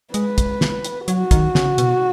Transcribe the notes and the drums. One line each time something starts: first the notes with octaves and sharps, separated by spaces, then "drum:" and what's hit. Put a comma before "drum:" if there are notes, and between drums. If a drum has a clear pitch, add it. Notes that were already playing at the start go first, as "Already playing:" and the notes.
G#3 B4, drum: hi-hat
drum: kick, hi-hat
drum: snare
drum: hi-hat
F#3 F#4, drum: hi-hat
D#3, drum: kick, hi-hat
C#3, drum: snare
B2, drum: hi-hat